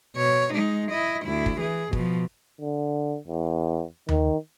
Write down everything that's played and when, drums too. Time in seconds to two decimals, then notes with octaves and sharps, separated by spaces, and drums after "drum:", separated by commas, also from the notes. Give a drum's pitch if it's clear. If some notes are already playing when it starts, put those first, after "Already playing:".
0.16 B2 C#5
0.53 G#3 D#4
0.91 E4 D#5
1.26 D2 E4
1.46 drum: kick
1.60 E3 G#4
1.93 B2 F3, drum: kick
2.61 D3
3.27 E2
4.09 D#3, drum: tom D#2